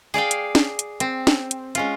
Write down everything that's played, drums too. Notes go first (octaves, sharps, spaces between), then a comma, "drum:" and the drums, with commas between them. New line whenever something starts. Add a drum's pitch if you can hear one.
G#4 D5 F5 G5
drum: hi-hat
drum: snare
drum: hi-hat
C4, drum: hi-hat
drum: snare
drum: hi-hat
G#3 C#4 F4, drum: hi-hat